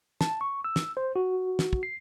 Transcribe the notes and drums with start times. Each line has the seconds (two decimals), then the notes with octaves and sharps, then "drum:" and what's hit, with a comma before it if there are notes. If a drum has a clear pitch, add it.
0.21 A5, drum: snare
0.41 C#6
0.64 E6
0.76 drum: snare
0.97 C5
1.16 F#4
1.59 drum: snare
1.73 drum: kick
1.83 C7